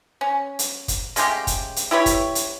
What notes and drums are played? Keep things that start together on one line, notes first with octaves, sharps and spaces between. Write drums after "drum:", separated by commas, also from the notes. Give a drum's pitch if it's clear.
C#4
drum: hi-hat
drum: kick, hi-hat
C#3 G#3 A3 G4, drum: hi-hat
drum: kick, hi-hat
drum: hi-hat
E4 G4 B4 C#5
drum: kick, hi-hat
drum: hi-hat